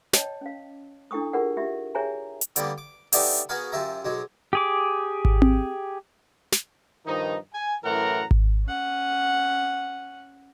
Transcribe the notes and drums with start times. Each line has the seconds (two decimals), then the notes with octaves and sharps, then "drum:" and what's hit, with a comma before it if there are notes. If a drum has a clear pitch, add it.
0.13 C#5 D#5 G5 A5, drum: snare
0.41 C#4 F5
1.11 D4 E4 A4 G5 C#6 D#6
1.33 F4 G4 G#4 A#4 D5 F#5
1.57 F4 G4 D5 E5
1.95 G#4 C#5 E5 G5 G#5 A#5
2.41 drum: hi-hat
2.56 D3 G3 A#3 B3, drum: hi-hat
2.78 D6
3.13 A3 B3 D4 D#4 G4 A4, drum: open hi-hat
3.49 B3 F#4 G#4 A#4 F5 B5
3.72 F#2 F4 G4 E5 A#5
4.05 B1 F#3 G#3
4.53 G4 G#4 D6
5.25 drum: kick G#1
5.42 drum: tom C4
6.52 drum: snare
7.06 G2 D#3 F3 D#4
7.54 G#5
7.84 F#2 A2 E3 A#4 F#5 A#5
8.31 drum: kick G#1
8.66 C#4 F#5